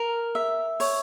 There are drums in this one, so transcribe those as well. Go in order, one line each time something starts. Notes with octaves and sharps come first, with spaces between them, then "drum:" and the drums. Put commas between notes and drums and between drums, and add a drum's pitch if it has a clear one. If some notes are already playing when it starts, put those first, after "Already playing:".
Already playing: A#4
E5
C#5, drum: open hi-hat